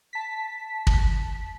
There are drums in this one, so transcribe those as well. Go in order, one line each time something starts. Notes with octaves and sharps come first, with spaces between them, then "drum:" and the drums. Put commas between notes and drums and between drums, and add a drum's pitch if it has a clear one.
A5 B6
drum: kick